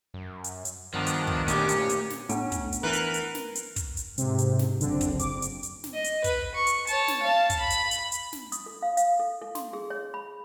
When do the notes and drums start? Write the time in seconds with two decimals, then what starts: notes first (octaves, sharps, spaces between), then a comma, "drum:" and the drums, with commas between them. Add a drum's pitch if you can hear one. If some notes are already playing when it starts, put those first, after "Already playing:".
0.14 F#2
0.44 drum: hi-hat
0.65 drum: hi-hat
0.94 G2 D#3 F3 B3 D4
1.06 drum: hi-hat
1.27 drum: kick
1.48 D2 A#2 C#4 G4, drum: hi-hat
1.69 drum: hi-hat
1.89 drum: hi-hat
2.10 drum: snare
2.29 A2 B3 C#4 D4 F#5, drum: hi-hat
2.52 drum: kick, hi-hat
2.72 drum: hi-hat
2.83 E3 A#4 B4
2.93 drum: hi-hat
3.14 drum: hi-hat
3.35 drum: snare
3.55 drum: hi-hat
3.76 drum: kick, hi-hat
3.97 drum: hi-hat
4.18 G#2 C3, drum: hi-hat
4.38 drum: hi-hat
4.59 drum: snare
4.81 F#1 D3 C4, drum: hi-hat
5.01 drum: kick, hi-hat
5.19 D6, drum: hi-hat
5.42 drum: hi-hat
5.63 drum: hi-hat
5.84 drum: snare
5.94 D#5
6.04 drum: hi-hat
6.24 B4, drum: kick, hi-hat
6.55 C#6
6.67 drum: hi-hat
6.87 C#5 A5, drum: hi-hat
7.08 drum: snare
7.23 F5 A5
7.50 drum: kick, hi-hat
7.59 B5
7.70 drum: hi-hat
7.91 drum: hi-hat
8.12 drum: hi-hat
8.33 drum: snare
8.52 D#6, drum: hi-hat
8.66 A4
8.82 F5
8.97 F5, drum: hi-hat
9.20 A4
9.42 A4
9.55 C6, drum: snare
9.73 G#4
9.90 C#5
10.14 B5